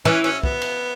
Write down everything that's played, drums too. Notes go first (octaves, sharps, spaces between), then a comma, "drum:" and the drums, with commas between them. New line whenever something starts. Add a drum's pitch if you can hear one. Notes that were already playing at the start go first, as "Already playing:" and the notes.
E3 C#4
C#4, drum: cymbal
B3, drum: kick
drum: cymbal